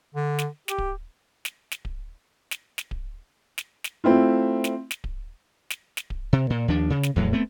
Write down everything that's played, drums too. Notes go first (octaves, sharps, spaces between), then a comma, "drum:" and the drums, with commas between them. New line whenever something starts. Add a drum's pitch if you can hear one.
D3
drum: snare
G4, drum: snare
drum: kick D1
drum: snare
drum: snare
drum: kick D1
drum: snare
drum: snare
drum: kick D1
drum: snare
drum: snare
A3 C4 E4 F4
drum: snare
drum: snare
drum: kick D1
drum: snare
drum: snare
drum: kick D1
C3
A#2
D#2 F3 D4
C#3
drum: snare
E2 A2 F#3, drum: kick D1
A3 B3 C4